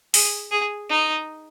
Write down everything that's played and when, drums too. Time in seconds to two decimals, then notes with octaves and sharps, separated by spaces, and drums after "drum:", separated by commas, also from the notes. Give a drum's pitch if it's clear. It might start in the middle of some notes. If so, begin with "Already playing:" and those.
0.14 G#4, drum: open hi-hat
0.51 G#4
0.89 D#4